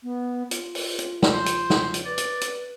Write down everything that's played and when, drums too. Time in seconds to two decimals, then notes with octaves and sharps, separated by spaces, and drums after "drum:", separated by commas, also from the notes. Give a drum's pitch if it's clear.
0.03 B3
0.51 F4, drum: hi-hat
0.75 drum: open hi-hat
0.99 drum: hi-hat
1.22 drum: snare
1.33 C5
1.46 drum: hi-hat
1.70 drum: snare
1.94 drum: hi-hat
2.05 B4 D5
2.18 drum: hi-hat
2.41 drum: hi-hat